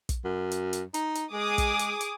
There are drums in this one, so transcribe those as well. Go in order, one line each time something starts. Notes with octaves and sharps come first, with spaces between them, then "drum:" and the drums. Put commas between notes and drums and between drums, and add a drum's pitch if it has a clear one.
drum: kick, hi-hat
F#2
drum: hi-hat
drum: hi-hat
D#4, drum: hi-hat
drum: hi-hat
G#3 G#4 D6 D#6
drum: kick, hi-hat
drum: hi-hat
drum: hi-hat